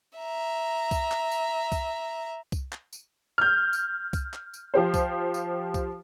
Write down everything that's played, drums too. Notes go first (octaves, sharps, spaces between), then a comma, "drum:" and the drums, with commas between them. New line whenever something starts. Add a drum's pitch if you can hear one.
E5 A#5
drum: kick C2, tambourine
drum: clap
drum: tambourine
drum: kick C2, tambourine
drum: kick C2, tambourine
drum: clap
drum: tambourine
F6 G6
drum: tambourine
drum: kick C2, tambourine
drum: clap
drum: tambourine
F3 G4 C5
drum: kick C2, tambourine
drum: tambourine
drum: kick C2, tambourine